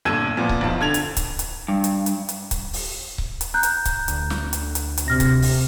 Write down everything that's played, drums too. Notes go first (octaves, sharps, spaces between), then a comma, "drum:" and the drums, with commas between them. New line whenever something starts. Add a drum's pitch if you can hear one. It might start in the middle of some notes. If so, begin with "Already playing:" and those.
G1 A#2 A4 E6 G#6 D#7
A#2 F3 B3
drum: kick C#1
B1 F3 A5
D3 G#6 F7
drum: hi-hat
drum: kick C#1, hi-hat
drum: hi-hat
G2
drum: hi-hat
drum: hi-hat
drum: hi-hat
drum: kick C#1, hi-hat
drum: open hi-hat
drum: kick C#1
drum: hi-hat
A#5 F#6 G6
drum: hi-hat
drum: kick C#1, hi-hat
D2, drum: hi-hat
drum: snare
drum: hi-hat
drum: hi-hat
drum: hi-hat
C3 F6 A#6
drum: kick C#1, hi-hat
drum: open hi-hat